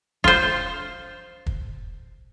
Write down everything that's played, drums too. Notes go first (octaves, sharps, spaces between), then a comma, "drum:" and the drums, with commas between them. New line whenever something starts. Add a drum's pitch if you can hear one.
F4 C5, drum: kick
drum: kick